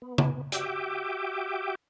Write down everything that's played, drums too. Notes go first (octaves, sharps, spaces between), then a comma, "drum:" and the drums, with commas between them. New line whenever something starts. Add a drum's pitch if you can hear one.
B3
drum: tom C#3
F#4 G4 E5 G5 D6, drum: hi-hat